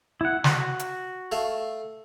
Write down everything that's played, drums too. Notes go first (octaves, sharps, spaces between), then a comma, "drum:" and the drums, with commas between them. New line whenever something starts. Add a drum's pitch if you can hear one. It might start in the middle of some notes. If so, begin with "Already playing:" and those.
E4 F#5
F#4, drum: snare
drum: hi-hat
A3 F5 A5